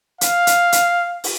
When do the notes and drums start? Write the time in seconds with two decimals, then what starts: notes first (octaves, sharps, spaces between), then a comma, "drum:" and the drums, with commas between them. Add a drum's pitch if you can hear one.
0.21 F5, drum: hi-hat
0.47 drum: hi-hat
0.72 drum: hi-hat
1.24 drum: open hi-hat